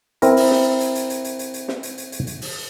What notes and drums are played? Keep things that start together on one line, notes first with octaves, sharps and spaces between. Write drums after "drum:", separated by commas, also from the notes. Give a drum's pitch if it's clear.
C4 E4 A#4 A#5, drum: hi-hat
drum: open hi-hat
drum: snare
drum: hi-hat
drum: hi-hat
drum: hi-hat
drum: hi-hat
drum: hi-hat
drum: hi-hat
drum: snare
drum: hi-hat
drum: hi-hat
drum: hi-hat
drum: hi-hat
drum: open hi-hat